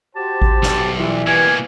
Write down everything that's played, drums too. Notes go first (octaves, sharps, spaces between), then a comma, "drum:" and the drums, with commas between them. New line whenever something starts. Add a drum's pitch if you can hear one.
F#4 G4 C5 A5
drum: kick G#1
B1, drum: snare
E3 G3 F4
B2 A#3 B4 G#5